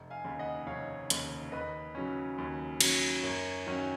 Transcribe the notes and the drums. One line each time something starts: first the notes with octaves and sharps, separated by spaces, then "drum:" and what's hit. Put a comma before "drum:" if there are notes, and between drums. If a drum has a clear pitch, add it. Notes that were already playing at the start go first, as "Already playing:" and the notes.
Already playing: F1
F5 G#5
D#2 C#3
D#5 F#5
F1 C#5 F5
D#2 C#3, drum: hi-hat
D#2 B4 D#5
C#3 F#3 C#4
D#2
C#3 F#3 C#4, drum: cymbal
F#2 A#4 C#5
D#3 F#3 C#4